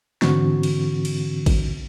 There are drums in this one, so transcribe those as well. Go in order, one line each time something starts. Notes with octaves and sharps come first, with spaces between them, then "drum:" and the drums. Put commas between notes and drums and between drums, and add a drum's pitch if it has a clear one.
G#2 D3 E3 C4 F#4 C#6, drum: snare
drum: cymbal
drum: cymbal
drum: kick G#1, cymbal